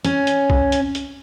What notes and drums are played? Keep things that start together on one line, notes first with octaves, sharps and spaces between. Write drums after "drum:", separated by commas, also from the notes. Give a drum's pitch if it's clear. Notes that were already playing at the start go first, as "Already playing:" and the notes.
C#4, drum: hi-hat
drum: hi-hat
drum: kick
drum: hi-hat
drum: hi-hat